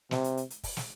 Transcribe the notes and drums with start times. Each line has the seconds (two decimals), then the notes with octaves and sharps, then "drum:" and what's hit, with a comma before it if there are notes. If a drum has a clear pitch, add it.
0.11 C3, drum: snare
0.24 drum: hi-hat
0.37 drum: hi-hat
0.50 drum: hi-hat
0.64 drum: kick, open hi-hat
0.77 drum: snare